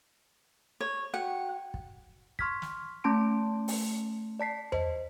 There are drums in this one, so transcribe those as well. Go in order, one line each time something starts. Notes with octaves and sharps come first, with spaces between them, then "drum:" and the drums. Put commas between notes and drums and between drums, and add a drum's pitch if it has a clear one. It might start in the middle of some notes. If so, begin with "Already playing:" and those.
C#5
F#4 F#5 G5
drum: kick
C6 C#6 F6 G#6 B6, drum: kick
drum: snare
A3 C#4 A5 C6 D7
drum: open hi-hat
D5 A5 B6 C7
C5 D#5, drum: tom E2